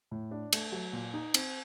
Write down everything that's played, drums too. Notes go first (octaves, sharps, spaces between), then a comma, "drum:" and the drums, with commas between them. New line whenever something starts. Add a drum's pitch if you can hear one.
A2
D4
A3, drum: cymbal
F#3
A#2
D#4
C4, drum: cymbal